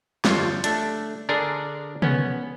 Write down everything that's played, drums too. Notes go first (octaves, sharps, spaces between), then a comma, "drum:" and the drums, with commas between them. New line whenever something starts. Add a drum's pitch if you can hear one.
G1 F2 G3 F4 C#5, drum: snare
A3 D4, drum: hi-hat
D3 D4 G#4 A#4 D5
B3 C#4, drum: tom